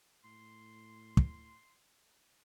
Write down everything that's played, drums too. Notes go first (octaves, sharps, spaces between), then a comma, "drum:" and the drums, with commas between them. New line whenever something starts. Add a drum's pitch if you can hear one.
A2 C6
drum: kick